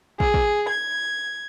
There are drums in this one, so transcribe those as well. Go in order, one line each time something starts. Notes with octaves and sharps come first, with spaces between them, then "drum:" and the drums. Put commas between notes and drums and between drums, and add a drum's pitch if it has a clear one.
G#4, drum: kick
drum: kick
G#6